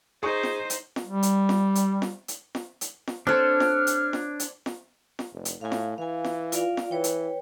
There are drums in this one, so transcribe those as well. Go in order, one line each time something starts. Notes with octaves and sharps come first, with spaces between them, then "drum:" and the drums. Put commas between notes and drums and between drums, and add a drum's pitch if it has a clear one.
D#4 G#4 C5 C#6
drum: snare
drum: hi-hat
drum: snare
G3
drum: hi-hat
drum: snare
drum: hi-hat
drum: snare
drum: hi-hat
drum: snare
drum: hi-hat
drum: snare
C4 D4 A4 C#5 F6
drum: snare
drum: hi-hat
drum: snare
drum: hi-hat
drum: snare
drum: snare
F1
drum: hi-hat
A2 F5 G#5
drum: snare
E3 F5 G#5
drum: snare
F4 D5 F5, drum: hi-hat
drum: snare
E3 B4 C#5 G5
drum: hi-hat